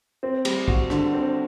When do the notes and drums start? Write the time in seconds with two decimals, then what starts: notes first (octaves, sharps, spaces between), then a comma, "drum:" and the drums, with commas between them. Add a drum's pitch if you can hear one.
0.23 C4
0.45 G3, drum: cymbal
0.68 F#4, drum: kick
0.90 D3, drum: rim click
1.13 C4